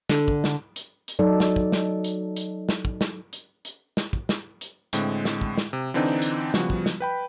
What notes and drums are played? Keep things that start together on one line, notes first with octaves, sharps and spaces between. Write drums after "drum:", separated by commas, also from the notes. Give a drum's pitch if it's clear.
D3, drum: snare
drum: kick
drum: snare
drum: hi-hat
drum: hi-hat
F#3 D#4 A4 D5
drum: snare
drum: kick
drum: snare
drum: hi-hat
drum: hi-hat
drum: snare
drum: kick
drum: snare
drum: hi-hat
drum: hi-hat
drum: snare
drum: kick
drum: snare
drum: hi-hat
A2 D3 G#3 C4, drum: hi-hat
drum: snare
drum: kick
drum: snare
C3
D3 E3 C4 D4 D#4 G5
drum: hi-hat
C#3 F3 G3 B3 F#4, drum: snare
drum: kick
drum: snare
B4 G5 B5